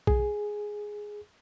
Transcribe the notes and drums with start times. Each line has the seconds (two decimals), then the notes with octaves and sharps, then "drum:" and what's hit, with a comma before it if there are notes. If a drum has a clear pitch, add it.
0.07 G#4, drum: kick B1